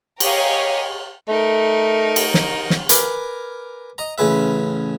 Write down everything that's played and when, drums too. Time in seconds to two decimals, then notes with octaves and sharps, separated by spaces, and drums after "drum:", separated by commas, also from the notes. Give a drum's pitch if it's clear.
0.20 G4 A#4 C#5 D#5 F5 G#5, drum: cymbal
1.28 A3 D#4 A#4
2.16 drum: cymbal
2.34 drum: snare
2.70 drum: snare
2.89 A#4 B4 G#5 D6, drum: hi-hat
3.98 D#5 A#5
4.18 A1 C#3 G#4 B4 E5